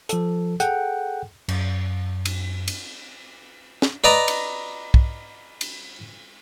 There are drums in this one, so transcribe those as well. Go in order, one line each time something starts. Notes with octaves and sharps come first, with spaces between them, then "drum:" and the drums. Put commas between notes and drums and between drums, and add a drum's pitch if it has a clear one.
F3 A4, drum: hi-hat
G#4 A4 F#5 G5, drum: hi-hat
F#2, drum: cymbal
drum: cymbal
drum: cymbal
drum: snare
B4 D5 D#5 A#5
drum: cymbal
drum: kick
drum: cymbal